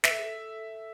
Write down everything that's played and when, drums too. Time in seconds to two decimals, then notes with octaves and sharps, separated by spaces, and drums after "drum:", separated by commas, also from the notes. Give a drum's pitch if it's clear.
0.04 B4 E5, drum: snare
0.11 A4
0.19 G#4
0.25 A4